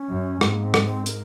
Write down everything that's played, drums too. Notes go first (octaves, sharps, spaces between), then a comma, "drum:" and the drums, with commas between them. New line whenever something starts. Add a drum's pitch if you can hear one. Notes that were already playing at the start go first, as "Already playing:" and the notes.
Already playing: C#4
F#2
G#2 C4, drum: rim click
A#3
C4
drum: rim click
C4
A#4, drum: hi-hat